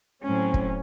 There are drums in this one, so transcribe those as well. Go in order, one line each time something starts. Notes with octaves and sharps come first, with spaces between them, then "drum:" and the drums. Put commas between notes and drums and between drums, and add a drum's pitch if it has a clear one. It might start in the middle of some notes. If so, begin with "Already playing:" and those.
A2 F#3 C4 C#4
drum: kick